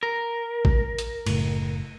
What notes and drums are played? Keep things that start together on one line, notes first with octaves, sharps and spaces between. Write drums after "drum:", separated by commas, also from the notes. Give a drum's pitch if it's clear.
A#4
drum: kick A1
drum: hi-hat
F#1 A2, drum: cymbal